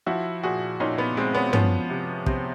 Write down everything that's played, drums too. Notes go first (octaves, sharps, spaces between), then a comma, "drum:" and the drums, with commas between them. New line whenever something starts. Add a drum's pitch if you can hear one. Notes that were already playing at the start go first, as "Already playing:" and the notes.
F3 E4 F#4
A#2 F#4 G#4
A#2 C#4 D#4
B3
G#3 C4
B3 C#4
F3 B3 C#4, drum: tom
C3
C3 C4, drum: kick